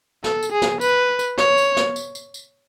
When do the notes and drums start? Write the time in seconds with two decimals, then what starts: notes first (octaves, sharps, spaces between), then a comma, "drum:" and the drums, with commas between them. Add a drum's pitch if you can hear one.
0.24 A4, drum: snare
0.43 drum: tambourine
0.52 G#4
0.62 drum: snare
0.81 B4, drum: tambourine
1.19 drum: tambourine
1.38 C#5, drum: snare
1.58 drum: tambourine
1.77 drum: snare
1.96 drum: tambourine
2.15 drum: tambourine
2.34 drum: tambourine